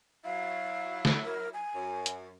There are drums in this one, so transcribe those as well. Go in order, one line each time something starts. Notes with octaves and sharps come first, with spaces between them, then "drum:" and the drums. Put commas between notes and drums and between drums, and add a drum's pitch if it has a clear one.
F#3 E4 F5
drum: snare
A#4
G#5
F#2
drum: hi-hat